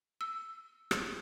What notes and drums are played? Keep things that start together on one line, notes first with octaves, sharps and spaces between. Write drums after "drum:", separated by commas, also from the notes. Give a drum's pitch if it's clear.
E6
drum: rim click